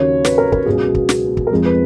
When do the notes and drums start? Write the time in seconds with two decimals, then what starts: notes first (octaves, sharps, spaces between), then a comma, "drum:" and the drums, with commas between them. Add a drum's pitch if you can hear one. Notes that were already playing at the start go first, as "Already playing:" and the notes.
Already playing: D#2 C#3 F#3 C#5
0.25 B4, drum: snare
0.38 A#4
0.52 A#4, drum: kick
0.66 C#2 B2 F#3 G#4
0.95 drum: kick
1.09 drum: snare
1.37 drum: kick
1.47 A#4
1.51 F1 F2 F3 G#3 G#4
1.65 B4